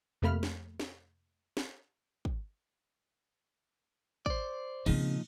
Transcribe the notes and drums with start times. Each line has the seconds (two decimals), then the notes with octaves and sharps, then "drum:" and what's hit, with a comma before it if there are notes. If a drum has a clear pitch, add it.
0.22 F2 C3 A3 A#3 B5 F6
0.43 drum: snare
0.80 drum: snare
1.57 drum: snare
2.25 drum: kick
4.26 C5 D5, drum: kick
4.86 A#2 C#3 F3 C4 D#4, drum: cymbal